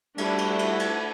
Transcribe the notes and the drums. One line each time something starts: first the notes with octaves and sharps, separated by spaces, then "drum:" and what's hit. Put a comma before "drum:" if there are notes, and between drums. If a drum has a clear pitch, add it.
G3 A3 D4 E4 F#4, drum: cymbal
drum: cymbal
drum: cymbal
drum: cymbal